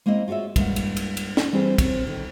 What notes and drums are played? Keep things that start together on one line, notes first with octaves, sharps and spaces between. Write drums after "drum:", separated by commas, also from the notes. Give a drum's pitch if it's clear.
G#3 A#3 C4 E4 D#5
F4 F#4 G#4 C#5 E5
G2 G#3 A#3 F#5, drum: kick, cymbal
drum: cymbal
drum: cymbal
drum: cymbal
drum: snare
E3 G3 C4 E4 G#4 C5
C4 A#4 C#5, drum: kick, cymbal
D3 D#3